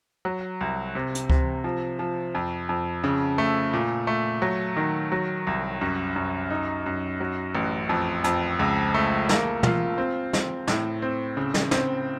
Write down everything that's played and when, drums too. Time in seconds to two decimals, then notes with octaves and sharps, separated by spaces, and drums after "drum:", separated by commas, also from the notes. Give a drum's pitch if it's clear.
0.25 F#3
0.61 C2
0.95 C3
1.15 drum: hi-hat
1.30 C3, drum: kick C#2
1.64 F3
1.99 F3
2.35 F2
2.69 F2
3.04 C#3
3.38 A3
3.73 A#2
4.07 A3
4.42 F#3
4.76 D#3
5.12 F#3
5.47 C2
5.81 F#2
6.16 F#2
6.50 D#4
6.86 F#2
7.20 F#3
7.55 A1
7.89 F2
8.24 F2, drum: hi-hat
8.59 C#2
8.94 A3
9.29 A#3, drum: snare
9.63 F4, drum: tom
9.98 C4
10.33 C4, drum: snare
10.67 A2, drum: snare
11.02 C4
11.37 C#3
11.54 drum: snare
11.71 C4, drum: snare